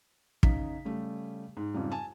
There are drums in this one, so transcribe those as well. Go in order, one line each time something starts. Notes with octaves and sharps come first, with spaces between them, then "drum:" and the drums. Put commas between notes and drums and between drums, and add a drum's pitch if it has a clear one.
C#3 D#4 B6, drum: kick
C#3 G3 A3
G#2
F2 G#2 C#3 G3
G#5 A5